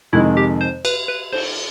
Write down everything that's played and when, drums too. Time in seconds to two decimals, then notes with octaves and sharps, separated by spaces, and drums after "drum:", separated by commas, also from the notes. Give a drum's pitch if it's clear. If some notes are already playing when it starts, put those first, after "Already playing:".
0.13 F2 C3 D#3 G#3 E4
0.37 G4
0.61 C5
0.85 B4, drum: cymbal
1.08 B4
1.33 C5, drum: cymbal